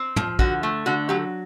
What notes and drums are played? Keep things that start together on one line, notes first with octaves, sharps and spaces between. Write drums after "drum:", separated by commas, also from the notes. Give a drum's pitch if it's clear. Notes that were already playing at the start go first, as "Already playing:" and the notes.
Already playing: C4
F3, drum: tom
D3 F#4, drum: kick
A3
D3 F#4
F#3 G4